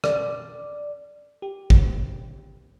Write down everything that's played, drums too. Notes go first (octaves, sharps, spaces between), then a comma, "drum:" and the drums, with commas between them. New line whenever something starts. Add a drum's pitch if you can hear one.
D5, drum: rim click
G4
drum: kick